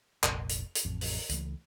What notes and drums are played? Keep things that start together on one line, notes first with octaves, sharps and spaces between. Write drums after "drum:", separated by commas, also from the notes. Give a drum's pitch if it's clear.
F1 A#1, drum: clap
drum: hi-hat
drum: hi-hat
A1 F2
drum: open hi-hat
C#2 E3 A3, drum: hi-hat